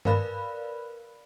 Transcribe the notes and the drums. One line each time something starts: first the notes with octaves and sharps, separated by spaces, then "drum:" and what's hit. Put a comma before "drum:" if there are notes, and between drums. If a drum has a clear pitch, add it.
A#4 B4 D5 F5 B5 F#6, drum: tom G2